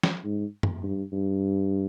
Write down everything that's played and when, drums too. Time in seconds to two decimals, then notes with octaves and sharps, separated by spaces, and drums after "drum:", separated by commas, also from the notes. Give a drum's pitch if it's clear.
0.03 drum: snare F3
0.24 G#2
0.63 drum: tom
0.84 G2
1.13 G2